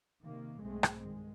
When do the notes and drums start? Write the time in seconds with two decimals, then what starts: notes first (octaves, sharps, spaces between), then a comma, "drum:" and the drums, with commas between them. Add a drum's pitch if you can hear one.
0.23 C3 D#3 A#3
0.60 B1 G#2 G#3 A3 C4
0.83 drum: rim click
1.02 G2 D#3 G#3